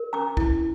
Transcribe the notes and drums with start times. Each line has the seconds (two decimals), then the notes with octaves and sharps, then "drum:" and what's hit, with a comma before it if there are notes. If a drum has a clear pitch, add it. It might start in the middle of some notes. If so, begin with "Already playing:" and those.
Already playing: A#4
0.13 C#4 A#5 D6
0.37 E4, drum: kick